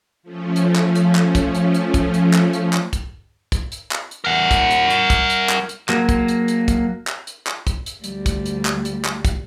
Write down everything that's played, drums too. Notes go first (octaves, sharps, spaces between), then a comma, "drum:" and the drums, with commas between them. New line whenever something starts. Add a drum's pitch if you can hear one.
F3 A3 C#4
drum: hi-hat
drum: clap
drum: hi-hat
drum: clap
drum: kick, hi-hat
drum: hi-hat
drum: hi-hat
drum: kick, hi-hat
drum: hi-hat
drum: clap
drum: hi-hat
drum: clap
drum: kick, hi-hat
drum: kick, hi-hat
drum: hi-hat
drum: clap
drum: hi-hat
A#4 F#5
drum: kick, hi-hat
drum: hi-hat
drum: hi-hat
drum: kick, hi-hat
drum: hi-hat
drum: clap
drum: hi-hat
F#3 A#3, drum: clap
drum: kick, hi-hat
drum: hi-hat
drum: hi-hat
drum: kick, hi-hat
drum: clap
drum: hi-hat
drum: clap
drum: kick, hi-hat
drum: hi-hat
D2 G3, drum: hi-hat
drum: kick, hi-hat
drum: hi-hat
drum: clap
drum: hi-hat
drum: clap
drum: kick, hi-hat